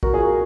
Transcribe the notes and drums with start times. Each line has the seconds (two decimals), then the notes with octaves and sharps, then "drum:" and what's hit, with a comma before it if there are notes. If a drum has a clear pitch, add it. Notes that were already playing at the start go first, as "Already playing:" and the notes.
0.03 F#4 A#4, drum: kick
0.13 F4 G#4
0.23 F#4 A#4